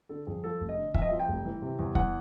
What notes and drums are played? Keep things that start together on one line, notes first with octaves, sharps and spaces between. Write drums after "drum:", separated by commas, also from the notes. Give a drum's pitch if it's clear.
D3 A4
F2 G#4
F3 A4
F1
D#5
D3
F2 E5, drum: kick
D#5
F3 E5
G5
F1
E3
C3
E2
E2 F#5, drum: kick